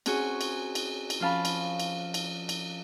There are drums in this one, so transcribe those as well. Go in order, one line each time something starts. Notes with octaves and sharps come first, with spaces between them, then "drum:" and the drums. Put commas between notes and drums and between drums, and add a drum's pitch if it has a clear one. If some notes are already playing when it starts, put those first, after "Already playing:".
C4 C#4 F#4 G#4 C#5, drum: cymbal
drum: cymbal
drum: cymbal
drum: cymbal
F3 C#4 F5 A5 B5
drum: cymbal
drum: cymbal
drum: cymbal
drum: cymbal